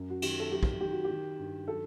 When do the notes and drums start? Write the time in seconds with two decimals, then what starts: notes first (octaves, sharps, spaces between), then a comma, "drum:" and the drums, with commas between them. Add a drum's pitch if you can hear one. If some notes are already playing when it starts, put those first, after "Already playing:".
Already playing: F#2
0.10 F#4
0.22 D#3 G4, drum: cymbal
0.40 A4
0.51 F#3 G4
0.63 drum: kick
0.80 D#3 G4
0.92 F#4
1.04 D#3 G4
1.39 G2
1.68 F#3 A4